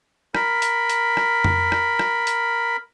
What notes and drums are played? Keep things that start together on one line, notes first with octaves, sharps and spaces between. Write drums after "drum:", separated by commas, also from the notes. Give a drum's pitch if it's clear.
A#4 B5, drum: rim click
drum: hi-hat
drum: hi-hat
drum: rim click
drum: tom F2
drum: rim click
drum: rim click
drum: hi-hat